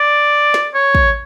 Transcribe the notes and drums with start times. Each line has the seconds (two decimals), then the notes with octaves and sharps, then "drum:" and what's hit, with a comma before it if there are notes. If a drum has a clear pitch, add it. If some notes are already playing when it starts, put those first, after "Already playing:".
Already playing: D5
0.54 drum: snare
0.74 C#5
0.95 drum: kick